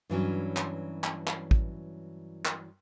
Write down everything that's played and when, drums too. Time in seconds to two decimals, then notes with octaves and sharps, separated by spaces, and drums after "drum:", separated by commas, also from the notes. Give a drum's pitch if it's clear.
0.10 G2 E3 F#3 C#4
0.57 drum: clap
1.04 drum: clap
1.27 drum: clap
1.51 drum: kick
2.45 drum: clap